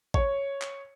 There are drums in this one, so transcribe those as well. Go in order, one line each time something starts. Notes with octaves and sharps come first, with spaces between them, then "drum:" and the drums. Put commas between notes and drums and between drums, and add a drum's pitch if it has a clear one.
C#5, drum: kick G#1
drum: clap